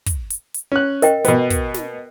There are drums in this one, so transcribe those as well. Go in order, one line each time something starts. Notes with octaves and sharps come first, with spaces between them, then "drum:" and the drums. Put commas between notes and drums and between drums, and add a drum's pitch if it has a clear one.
drum: kick, hi-hat
drum: hi-hat
drum: hi-hat
C#4 F#6
A#4 D#5 G5, drum: hi-hat
B2 B3, drum: hi-hat
drum: kick, hi-hat
drum: snare